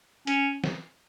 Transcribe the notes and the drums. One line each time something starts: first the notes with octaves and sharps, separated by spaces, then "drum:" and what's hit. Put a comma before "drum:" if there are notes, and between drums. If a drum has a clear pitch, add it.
C#4, drum: hi-hat
drum: snare